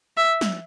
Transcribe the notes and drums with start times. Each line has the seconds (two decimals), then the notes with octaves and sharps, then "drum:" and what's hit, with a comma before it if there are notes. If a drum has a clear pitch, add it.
0.17 E5
0.41 drum: snare